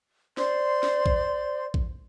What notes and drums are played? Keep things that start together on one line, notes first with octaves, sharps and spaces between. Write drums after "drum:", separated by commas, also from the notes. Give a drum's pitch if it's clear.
C5 D5 C6, drum: snare
drum: snare
drum: kick A#1
drum: kick A#1